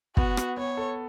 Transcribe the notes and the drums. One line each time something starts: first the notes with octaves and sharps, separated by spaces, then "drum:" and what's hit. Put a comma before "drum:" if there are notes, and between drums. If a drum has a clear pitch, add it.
B3 F#4, drum: kick
drum: rim click
B3 C#5
A4